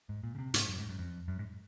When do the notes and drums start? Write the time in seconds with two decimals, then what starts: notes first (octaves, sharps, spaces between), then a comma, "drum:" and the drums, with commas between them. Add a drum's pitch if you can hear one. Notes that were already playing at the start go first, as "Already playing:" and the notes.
0.09 G#2
0.23 A#2
0.35 C#3
0.38 C3
0.54 G#2, drum: hi-hat
0.68 F#2
0.79 G#2
0.89 F#2
0.98 F2
1.28 F#2
1.39 G#2